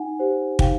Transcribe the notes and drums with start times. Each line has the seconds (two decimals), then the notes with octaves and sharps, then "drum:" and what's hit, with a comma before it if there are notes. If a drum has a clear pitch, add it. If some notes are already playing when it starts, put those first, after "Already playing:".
Already playing: D#4 F#5 G#5
0.20 G4 C5
0.59 D#4 F5 G5, drum: kick